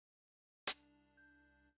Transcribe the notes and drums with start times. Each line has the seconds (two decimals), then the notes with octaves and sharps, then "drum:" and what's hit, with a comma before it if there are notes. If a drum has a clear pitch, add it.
0.67 C2 D4 F7, drum: hi-hat
1.17 G6